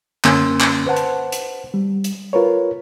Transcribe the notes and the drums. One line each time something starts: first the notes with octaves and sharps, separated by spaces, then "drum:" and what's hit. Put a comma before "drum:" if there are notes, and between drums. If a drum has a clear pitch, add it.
F#2 D3 A#3 C#4 C6 E6, drum: clap
drum: clap
B4 C5 F#5 A5
drum: hi-hat
drum: hi-hat
G3
drum: hi-hat
F4 A#4 B4 C#5